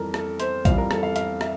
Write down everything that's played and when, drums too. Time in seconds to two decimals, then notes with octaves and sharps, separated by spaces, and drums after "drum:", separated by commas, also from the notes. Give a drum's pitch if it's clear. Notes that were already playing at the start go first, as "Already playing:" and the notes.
Already playing: F2 E3 G3 A4 A#4
0.14 A4, drum: rim click
0.40 C5, drum: hi-hat
0.65 F2 E3 G3 F5, drum: kick A#1, hi-hat
0.78 A#4
0.91 A4, drum: rim click
1.03 F5
1.16 F5, drum: hi-hat
1.41 E5, drum: rim click